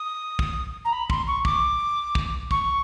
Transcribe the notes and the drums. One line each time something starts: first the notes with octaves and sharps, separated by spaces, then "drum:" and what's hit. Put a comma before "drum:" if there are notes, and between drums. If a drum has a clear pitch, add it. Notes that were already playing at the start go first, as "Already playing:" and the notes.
Already playing: D#6
drum: kick
A#5
B5
C6, drum: kick
C#6
D6, drum: kick
drum: kick
C#6, drum: kick